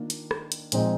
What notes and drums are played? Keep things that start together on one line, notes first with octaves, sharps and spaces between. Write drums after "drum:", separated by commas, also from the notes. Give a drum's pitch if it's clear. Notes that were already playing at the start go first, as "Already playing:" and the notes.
Already playing: D#3 A#3 D4 F4
drum: hi-hat
drum: rim click
drum: hi-hat
A#2 F3 G#3 C4 D#4, drum: hi-hat